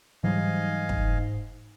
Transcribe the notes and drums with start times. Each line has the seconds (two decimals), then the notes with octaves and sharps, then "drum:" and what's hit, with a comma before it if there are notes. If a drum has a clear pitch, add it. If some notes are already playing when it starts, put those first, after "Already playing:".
0.24 G#2 E3 F#3 G3 D#5 F5 G#5
0.89 drum: kick